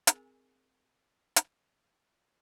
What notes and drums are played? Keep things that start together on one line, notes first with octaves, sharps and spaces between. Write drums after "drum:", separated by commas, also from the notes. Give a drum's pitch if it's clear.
C4 G#4 A#4 G#5 A#5, drum: hi-hat
drum: hi-hat